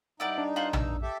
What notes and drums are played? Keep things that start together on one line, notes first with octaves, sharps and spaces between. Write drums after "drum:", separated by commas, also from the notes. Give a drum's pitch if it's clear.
G2 D#4 E4 D5 F#5
D4
F4 C5 F#5
E6, drum: tom A#1
G4 A4 E5